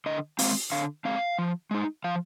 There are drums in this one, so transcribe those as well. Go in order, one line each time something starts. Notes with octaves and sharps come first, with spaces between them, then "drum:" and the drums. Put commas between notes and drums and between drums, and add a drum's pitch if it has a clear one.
D3 D#5
G#3 C4 F5, drum: open hi-hat
D3 F5
G#3 C4 F5
F3
G#3 D#4
F3 F5